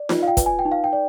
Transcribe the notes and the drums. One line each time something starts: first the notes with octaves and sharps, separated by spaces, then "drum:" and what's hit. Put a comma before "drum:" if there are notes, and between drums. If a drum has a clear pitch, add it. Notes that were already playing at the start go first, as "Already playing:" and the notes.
Already playing: D5
F4, drum: snare D#4
F5
G5
B4, drum: kick, hi-hat
G#5
G5
D#4
F5
G5
D5